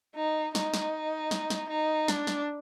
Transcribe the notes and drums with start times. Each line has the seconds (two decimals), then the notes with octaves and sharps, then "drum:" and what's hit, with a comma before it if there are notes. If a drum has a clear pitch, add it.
0.15 D#4
0.55 D#4, drum: snare
0.74 drum: snare
1.31 drum: snare
1.50 drum: snare
1.69 D#4
2.08 D4, drum: snare
2.27 drum: snare